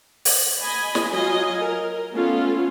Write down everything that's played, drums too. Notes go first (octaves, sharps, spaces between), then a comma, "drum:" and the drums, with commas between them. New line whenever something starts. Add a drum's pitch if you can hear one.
drum: open hi-hat
D#5 G#5 B5
drum: snare
F#3 F4 D#5 G#5
A#4
A3 B3 C#4 F4